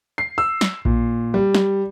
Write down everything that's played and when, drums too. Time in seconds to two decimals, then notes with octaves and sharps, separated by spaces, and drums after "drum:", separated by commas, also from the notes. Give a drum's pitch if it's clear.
0.18 C7
0.38 E6
0.61 drum: snare
0.85 A#2, drum: kick A#1
1.34 G3
1.55 drum: snare